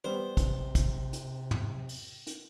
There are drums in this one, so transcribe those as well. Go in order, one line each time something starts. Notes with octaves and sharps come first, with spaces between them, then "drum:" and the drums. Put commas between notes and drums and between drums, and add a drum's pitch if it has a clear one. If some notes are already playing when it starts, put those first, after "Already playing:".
G3 B3 C5
C3, drum: kick, hi-hat
drum: kick, hi-hat
drum: hi-hat
drum: tom
drum: open hi-hat
drum: hi-hat